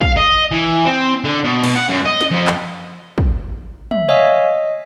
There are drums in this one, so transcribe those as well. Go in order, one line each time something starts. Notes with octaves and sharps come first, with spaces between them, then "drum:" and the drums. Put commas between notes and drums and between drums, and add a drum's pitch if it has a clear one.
F5, drum: kick
D#5
E3
C4
D3
B2
B2, drum: cymbal
F#5
F#2
D#5
drum: snare
F2
drum: clap
drum: kick
E5, drum: tom
C#5 D#5 F5 G#5 E6 B6
D#5